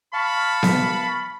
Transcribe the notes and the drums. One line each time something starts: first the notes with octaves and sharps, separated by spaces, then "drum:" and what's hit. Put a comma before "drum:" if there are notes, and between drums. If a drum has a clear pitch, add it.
F5 A5 B5 C#6
drum: snare B3